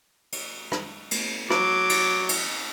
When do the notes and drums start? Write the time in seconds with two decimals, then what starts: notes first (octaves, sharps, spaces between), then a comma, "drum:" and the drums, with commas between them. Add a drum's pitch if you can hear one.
0.32 drum: cymbal
0.72 drum: rim click
1.11 drum: cymbal
1.50 F#3 D6, drum: rim click
1.90 drum: cymbal
2.29 drum: cymbal